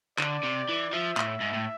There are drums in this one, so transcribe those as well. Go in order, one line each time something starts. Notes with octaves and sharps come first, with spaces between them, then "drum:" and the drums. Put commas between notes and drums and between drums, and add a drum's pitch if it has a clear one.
D3 D5, drum: clap
C3
E3
F3 E5
A2, drum: clap
G#2
A2